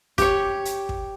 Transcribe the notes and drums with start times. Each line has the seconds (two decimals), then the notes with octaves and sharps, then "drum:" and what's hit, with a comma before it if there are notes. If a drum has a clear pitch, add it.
0.18 G4 C#5, drum: kick, hi-hat
0.65 drum: hi-hat
0.89 drum: kick